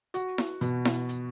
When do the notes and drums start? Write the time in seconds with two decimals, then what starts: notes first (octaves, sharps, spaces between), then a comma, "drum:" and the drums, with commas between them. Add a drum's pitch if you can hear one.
0.14 F#4, drum: hi-hat
0.38 drum: snare E4
0.61 B2, drum: hi-hat
0.85 drum: snare E4
1.09 drum: hi-hat